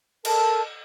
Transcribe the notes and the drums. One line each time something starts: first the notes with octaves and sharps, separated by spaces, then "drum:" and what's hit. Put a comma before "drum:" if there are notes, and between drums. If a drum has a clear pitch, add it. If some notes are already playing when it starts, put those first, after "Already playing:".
A4 A#4 A5, drum: cymbal